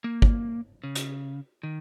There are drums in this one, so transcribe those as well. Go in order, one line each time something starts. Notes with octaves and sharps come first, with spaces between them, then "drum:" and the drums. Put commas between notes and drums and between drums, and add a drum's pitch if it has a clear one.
A#3
drum: kick
C#3
drum: hi-hat
D#3